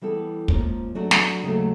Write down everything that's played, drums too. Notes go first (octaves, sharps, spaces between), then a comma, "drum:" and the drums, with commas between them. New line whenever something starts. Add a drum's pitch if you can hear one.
E3 G3 B3 E4 A4
G#2 F3 A#3 C#4, drum: kick
F#3 A3 D4 F#4
drum: snare
D#2 C#3 F#3 A3